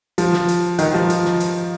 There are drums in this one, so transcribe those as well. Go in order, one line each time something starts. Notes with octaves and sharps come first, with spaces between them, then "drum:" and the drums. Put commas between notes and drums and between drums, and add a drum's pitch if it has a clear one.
F3, drum: hi-hat
drum: snare
drum: hi-hat
D#3, drum: hi-hat
F3
drum: hi-hat
drum: snare
drum: hi-hat